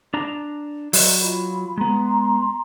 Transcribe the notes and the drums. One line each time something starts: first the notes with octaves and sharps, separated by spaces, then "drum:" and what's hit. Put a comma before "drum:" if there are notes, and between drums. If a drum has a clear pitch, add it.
D4 A5 A#5
F#3 D5 D#5 A#5, drum: open hi-hat
F4 B5
G#3 B3 A#5 C6